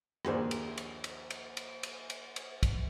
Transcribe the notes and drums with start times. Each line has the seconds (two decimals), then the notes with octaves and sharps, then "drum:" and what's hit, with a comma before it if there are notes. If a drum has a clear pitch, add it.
0.25 A#1 D#2 G#4 C5 D5, drum: rim click
0.51 drum: cymbal
0.78 drum: cymbal
1.04 drum: cymbal
1.30 drum: cymbal
1.57 drum: cymbal
1.83 drum: cymbal
2.10 drum: cymbal
2.36 drum: cymbal
2.63 drum: kick, cymbal